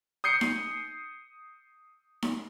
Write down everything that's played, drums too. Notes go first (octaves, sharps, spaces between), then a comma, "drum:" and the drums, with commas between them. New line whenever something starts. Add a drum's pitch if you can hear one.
D#6 G6 C7 C#7
drum: snare D#4
drum: snare D#4